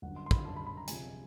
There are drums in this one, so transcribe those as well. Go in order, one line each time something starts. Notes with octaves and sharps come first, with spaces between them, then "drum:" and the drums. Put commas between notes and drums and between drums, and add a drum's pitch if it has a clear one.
G1 F#2 D3 F#5
C6
C6
B5, drum: kick
A5
B5
B5
A#5
C#2 C3 F3 G#3 G#5, drum: hi-hat